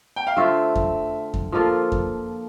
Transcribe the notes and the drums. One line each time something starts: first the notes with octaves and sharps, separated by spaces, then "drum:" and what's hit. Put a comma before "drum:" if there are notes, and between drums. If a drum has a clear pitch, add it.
G5
F5
D3 A3 C4 F4 E5
drum: kick F2
drum: kick F2
F3 A#3 F4 A4
drum: kick F2